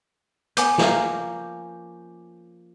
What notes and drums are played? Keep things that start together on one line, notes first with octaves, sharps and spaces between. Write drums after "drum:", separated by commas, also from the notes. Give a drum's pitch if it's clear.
B3 G#5 D6 G6, drum: hi-hat
F3 A#3 C#4, drum: snare